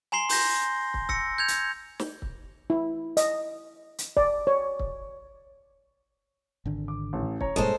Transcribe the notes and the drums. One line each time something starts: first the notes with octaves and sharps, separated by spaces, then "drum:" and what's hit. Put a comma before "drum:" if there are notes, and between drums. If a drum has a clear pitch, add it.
G#5 A#5 C6 C7 G7
C6 G6 A#6, drum: open hi-hat
drum: kick
E6 A#6 C#7, drum: kick
G6 G#6 F7
drum: hi-hat
drum: snare
drum: kick
E4
D#5, drum: hi-hat
drum: hi-hat
D5, drum: kick
C#5
drum: kick
G#1 D3
D6
A1
C#5 A#5, drum: kick
G2 A#2 G#3 A4 C5, drum: kick